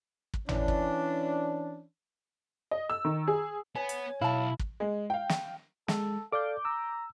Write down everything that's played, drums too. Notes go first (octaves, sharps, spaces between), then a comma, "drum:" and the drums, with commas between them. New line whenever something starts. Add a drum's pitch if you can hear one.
drum: kick
E3 C#4 D4, drum: tom
drum: kick
D#5
E6
D#3
G#4
B3 B4 C#5 G#5
drum: hi-hat
B1 E4 F5 A5
drum: kick
G#3
F5 G5
drum: snare
G#3 A4, drum: snare
A4 D5 F5 D6 G6
A#5 E6